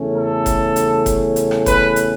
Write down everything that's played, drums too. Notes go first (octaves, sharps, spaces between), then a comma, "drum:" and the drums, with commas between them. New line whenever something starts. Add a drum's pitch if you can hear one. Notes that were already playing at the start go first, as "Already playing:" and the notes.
Already playing: E2 C#3 A3 C#4
A4
drum: kick F1, hi-hat
drum: hi-hat
drum: kick F1, hi-hat
drum: hi-hat
drum: rim click
B4, drum: kick F1, hi-hat
drum: hi-hat